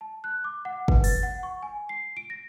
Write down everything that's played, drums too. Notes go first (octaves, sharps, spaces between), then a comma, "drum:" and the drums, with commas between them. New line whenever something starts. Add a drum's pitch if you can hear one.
A5
F#6
D6
F#5
B4, drum: kick
A6, drum: open hi-hat
F#5
C#6
G#5
C7
D7
A#6